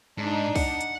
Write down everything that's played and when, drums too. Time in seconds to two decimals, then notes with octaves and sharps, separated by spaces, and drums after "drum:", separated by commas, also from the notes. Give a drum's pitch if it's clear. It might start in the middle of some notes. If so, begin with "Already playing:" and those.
0.18 G#2 D4 D#4
0.56 F#5, drum: kick C2, open hi-hat
0.81 drum: hi-hat